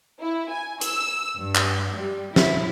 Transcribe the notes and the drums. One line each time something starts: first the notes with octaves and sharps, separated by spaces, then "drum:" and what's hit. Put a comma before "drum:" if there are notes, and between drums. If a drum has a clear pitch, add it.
E4
G#5
E6, drum: hi-hat
G2
drum: clap
G3
E4, drum: snare